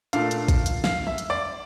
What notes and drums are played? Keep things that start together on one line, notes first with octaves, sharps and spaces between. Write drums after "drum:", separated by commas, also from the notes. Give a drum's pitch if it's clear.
A#2 A3 D4 F5, drum: hi-hat
drum: hi-hat
drum: kick, hi-hat
drum: hi-hat
F5, drum: snare
E5
drum: hi-hat
D5